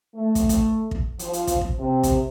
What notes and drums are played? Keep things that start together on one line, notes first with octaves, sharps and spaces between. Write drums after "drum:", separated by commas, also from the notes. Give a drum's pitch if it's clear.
A3
drum: kick, hi-hat
drum: kick, hi-hat
drum: kick
F3, drum: hi-hat
drum: hi-hat
drum: kick, hi-hat
drum: kick
C3
drum: kick, hi-hat